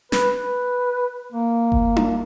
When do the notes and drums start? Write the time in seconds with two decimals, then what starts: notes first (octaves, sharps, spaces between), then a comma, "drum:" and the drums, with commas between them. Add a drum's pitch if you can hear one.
0.12 B4, drum: snare
0.37 B4
1.32 A#3
1.72 drum: kick F#1
1.96 drum: tom D4